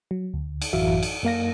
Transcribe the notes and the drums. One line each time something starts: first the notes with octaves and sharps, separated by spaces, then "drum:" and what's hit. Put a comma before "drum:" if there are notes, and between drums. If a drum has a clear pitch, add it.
F#3
D2
drum: cymbal
A1 F#2 E3 F#4 E5 F5
drum: cymbal
F#2 A#3 F5 A#6